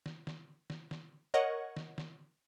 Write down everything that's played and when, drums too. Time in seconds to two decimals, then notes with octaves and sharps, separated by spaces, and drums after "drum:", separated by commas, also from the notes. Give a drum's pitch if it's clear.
0.06 drum: snare
0.27 drum: snare
0.70 drum: snare
0.91 drum: snare
1.34 A#4 C#5 D#5 F#5 C#6 G#6
1.77 drum: snare
1.98 drum: snare